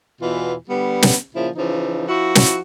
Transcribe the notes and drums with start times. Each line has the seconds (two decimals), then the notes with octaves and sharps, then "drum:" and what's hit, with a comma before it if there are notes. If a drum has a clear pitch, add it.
0.21 E2 B2 E3 F4
0.69 D3 G3 B3
1.02 drum: snare
1.35 A#2 C#3 F3 E4
1.56 C#3 E3 F3 D#4
2.08 F3 E4 F#4
2.35 drum: snare